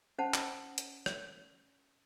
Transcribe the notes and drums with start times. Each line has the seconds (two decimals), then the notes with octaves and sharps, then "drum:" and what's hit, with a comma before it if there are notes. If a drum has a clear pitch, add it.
0.19 C#4 C5 F#5 A5
0.34 drum: clap
0.78 drum: hi-hat
1.06 drum: rim click